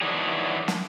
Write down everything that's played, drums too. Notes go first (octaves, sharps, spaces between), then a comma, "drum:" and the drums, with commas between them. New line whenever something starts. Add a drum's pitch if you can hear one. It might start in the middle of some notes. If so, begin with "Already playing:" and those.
D#3 E3 F#3 D4 G#4
drum: snare